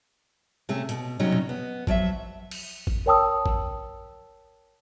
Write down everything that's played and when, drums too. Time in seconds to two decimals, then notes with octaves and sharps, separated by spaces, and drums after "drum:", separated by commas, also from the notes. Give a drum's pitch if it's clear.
0.69 C3 A3 C#4
0.89 B2, drum: hi-hat
1.19 E2 C3 F#3 C#4 D#4
1.33 drum: tom A#2
1.49 B3
1.87 F3 F#3 D5 E5, drum: kick
2.51 drum: cymbal
2.87 drum: kick
3.06 A#4 C#5 G5 A5 D#6 E6
3.46 drum: kick